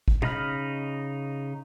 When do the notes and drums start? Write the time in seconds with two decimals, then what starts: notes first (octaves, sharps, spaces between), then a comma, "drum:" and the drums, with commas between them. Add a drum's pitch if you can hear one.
0.08 drum: kick
0.22 C#3 D#4 D#5 B5 F6, drum: tom B2